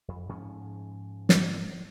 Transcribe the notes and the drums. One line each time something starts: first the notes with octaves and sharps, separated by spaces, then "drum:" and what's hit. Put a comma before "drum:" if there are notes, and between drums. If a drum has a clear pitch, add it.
F2
G#2 F3 C#4
drum: snare